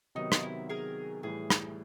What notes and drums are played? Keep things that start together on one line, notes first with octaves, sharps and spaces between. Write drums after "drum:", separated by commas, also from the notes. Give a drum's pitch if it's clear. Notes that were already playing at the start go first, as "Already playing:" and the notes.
C3 D#3 F#3 B3 D#4
F4, drum: rim click
E4
G#4 A#4
A2 E3 G3 G#4
drum: rim click